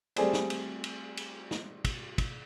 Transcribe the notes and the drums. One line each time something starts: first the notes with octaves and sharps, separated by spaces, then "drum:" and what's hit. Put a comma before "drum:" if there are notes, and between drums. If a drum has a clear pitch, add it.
G3 A3 C4 G#4 C5 D5, drum: cymbal
drum: snare
drum: cymbal
drum: cymbal
drum: cymbal
drum: snare
drum: kick, cymbal
drum: kick, cymbal